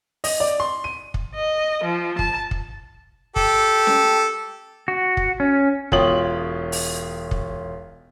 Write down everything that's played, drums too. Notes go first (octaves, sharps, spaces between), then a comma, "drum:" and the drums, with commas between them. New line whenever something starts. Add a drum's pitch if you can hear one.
D#5, drum: open hi-hat
D5
C6
D#7
drum: kick
D#5
F3
A5, drum: kick
drum: kick
G4 A4, drum: kick
drum: snare C#4
F#4
drum: kick
C#4
E1 F4 C#5 G5 D#6 F#7, drum: kick
drum: open hi-hat
drum: kick